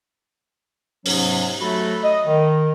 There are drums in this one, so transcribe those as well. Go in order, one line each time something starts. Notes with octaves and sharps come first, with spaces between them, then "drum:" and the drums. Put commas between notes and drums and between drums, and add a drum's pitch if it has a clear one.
G#2 C3 F#3 B3 C#4, drum: open hi-hat
F#3 A3 F#4 A4 B5
D#5
D#3